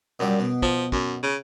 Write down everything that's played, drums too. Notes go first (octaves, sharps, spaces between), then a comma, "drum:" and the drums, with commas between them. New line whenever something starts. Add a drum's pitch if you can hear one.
F#2 A#2 F#3 G3
B2
F3, drum: kick
F#2, drum: kick
C#3